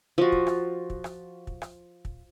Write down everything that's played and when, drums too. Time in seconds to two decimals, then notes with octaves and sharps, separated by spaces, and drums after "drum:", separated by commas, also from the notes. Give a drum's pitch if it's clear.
0.18 F3 F#4
0.32 drum: kick
0.47 drum: rim click
0.90 drum: kick
1.04 drum: rim click
1.47 drum: kick
1.62 drum: rim click
2.05 drum: kick